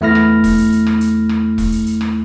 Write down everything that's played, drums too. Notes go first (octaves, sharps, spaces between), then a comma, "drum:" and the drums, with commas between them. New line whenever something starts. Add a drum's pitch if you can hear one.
E2 A3 E4 F6 A#6
drum: rim click
drum: kick E1, open hi-hat
drum: hi-hat
drum: hi-hat
drum: rim click
drum: hi-hat
drum: rim click
drum: kick E1, open hi-hat
drum: hi-hat
drum: hi-hat
drum: rim click